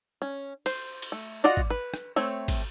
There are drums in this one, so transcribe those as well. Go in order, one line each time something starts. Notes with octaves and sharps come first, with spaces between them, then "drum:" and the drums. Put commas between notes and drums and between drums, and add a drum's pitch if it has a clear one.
C#4
C5, drum: cymbal
drum: cymbal
A3
F4 F#4 D5 D#5 F#5
drum: kick
B4
drum: rim click
A3 C4 C#5
drum: kick, cymbal